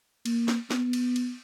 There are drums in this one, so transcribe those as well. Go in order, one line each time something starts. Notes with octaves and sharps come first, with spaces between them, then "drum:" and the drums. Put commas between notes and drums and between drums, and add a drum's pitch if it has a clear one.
A#3, drum: cymbal
drum: snare
B3, drum: snare
drum: cymbal
drum: cymbal